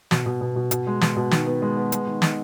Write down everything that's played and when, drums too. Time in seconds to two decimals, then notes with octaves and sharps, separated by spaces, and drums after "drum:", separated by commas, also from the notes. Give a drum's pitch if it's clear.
0.11 B2, drum: snare
0.26 B2
0.41 B2
0.56 B2
0.71 B2, drum: hi-hat
0.87 G#3
1.01 B2, drum: snare
1.16 B2
1.31 D#3, drum: snare
1.47 B3
1.62 G#3
1.77 B3
1.92 G#3, drum: hi-hat
2.07 D#3
2.22 D#4, drum: snare